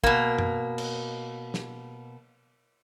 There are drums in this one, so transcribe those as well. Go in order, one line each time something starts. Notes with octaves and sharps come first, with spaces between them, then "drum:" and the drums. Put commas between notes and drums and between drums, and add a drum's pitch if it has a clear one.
B2 A#3, drum: kick
drum: tom F#2
drum: cymbal
drum: snare